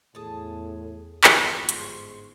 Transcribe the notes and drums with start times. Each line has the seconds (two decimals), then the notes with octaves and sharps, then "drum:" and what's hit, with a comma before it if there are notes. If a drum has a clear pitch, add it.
0.15 E2 A2 G#4 A5
1.24 G1 E2 F3 G3 F4 C6 C#6, drum: clap
1.69 G#2, drum: hi-hat